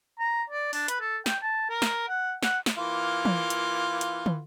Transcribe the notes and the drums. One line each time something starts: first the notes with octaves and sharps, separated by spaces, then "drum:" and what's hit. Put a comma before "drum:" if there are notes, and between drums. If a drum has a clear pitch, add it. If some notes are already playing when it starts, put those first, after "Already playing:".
A#5
D5
D4, drum: open hi-hat
B4, drum: hi-hat
A4
G5, drum: snare
A5
A#4
drum: snare
F#5
F#5, drum: snare
drum: snare
E3 A#3 F4
drum: tom E3
drum: hi-hat
drum: hi-hat
drum: tom